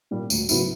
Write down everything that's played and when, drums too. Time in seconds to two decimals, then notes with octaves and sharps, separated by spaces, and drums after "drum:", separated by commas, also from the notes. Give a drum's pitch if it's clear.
0.11 A#2 G3
0.30 D2, drum: tambourine
0.49 C#3 F#3 B3 E4, drum: tambourine